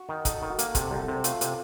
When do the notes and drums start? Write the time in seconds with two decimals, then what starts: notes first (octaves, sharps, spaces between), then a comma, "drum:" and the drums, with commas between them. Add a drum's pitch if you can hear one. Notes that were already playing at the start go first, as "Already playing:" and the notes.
Already playing: F#4
0.09 D#3
0.25 D#4 A4, drum: kick, hi-hat
0.42 D#3
0.50 F#4
0.59 A#3, drum: hi-hat
0.75 C3 A4, drum: kick, hi-hat
0.90 C2 A4
1.08 C3
1.24 A3 F4, drum: hi-hat
1.41 C3, drum: hi-hat